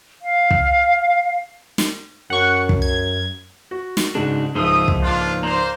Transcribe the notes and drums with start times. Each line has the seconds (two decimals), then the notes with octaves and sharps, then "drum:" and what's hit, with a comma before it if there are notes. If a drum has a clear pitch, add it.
0.21 F5
0.51 drum: kick
1.78 drum: snare
2.30 F#2 F#5 C#6
2.69 drum: kick
2.82 G#6
3.71 F#4
3.97 drum: snare
4.15 G#2 C#3 D4 F#4
4.55 C#2 G#2 F3 A#3 D#4 C5 E5 D#6
4.88 drum: kick
5.02 D4 F4
5.43 A#3 C5 D5 A#5